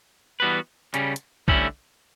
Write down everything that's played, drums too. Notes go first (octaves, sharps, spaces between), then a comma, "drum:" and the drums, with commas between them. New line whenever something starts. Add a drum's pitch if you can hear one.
E3 G3 B3 F#4 B4
C#3 G3 C#4, drum: hi-hat
drum: hi-hat
D2 D3 G3 C#4 E4, drum: kick